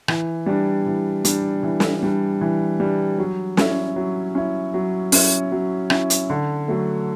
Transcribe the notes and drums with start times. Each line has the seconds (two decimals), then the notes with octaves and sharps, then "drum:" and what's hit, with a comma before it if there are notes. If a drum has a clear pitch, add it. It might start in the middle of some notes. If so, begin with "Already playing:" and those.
0.08 E3, drum: rim click
0.46 G3 D4
0.86 E3
1.25 G3 D4, drum: hi-hat
1.63 E3
1.80 drum: snare
2.03 G3 D4
2.41 E3
2.80 G3 D4
3.18 F#3
3.57 C#4 E4, drum: snare
3.96 F#3
4.35 C#4 E4
4.74 F#3
5.12 C#4 E4, drum: open hi-hat
5.52 F#3
5.90 C#4 E4, drum: rim click
6.10 drum: hi-hat
6.30 D3
6.68 F#3 A3